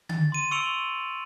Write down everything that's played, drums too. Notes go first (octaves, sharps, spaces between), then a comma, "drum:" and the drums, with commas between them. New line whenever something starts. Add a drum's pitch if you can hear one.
A6, drum: tom D3
C6 D#7
C#6 E6 C#7 D7 F7 F#7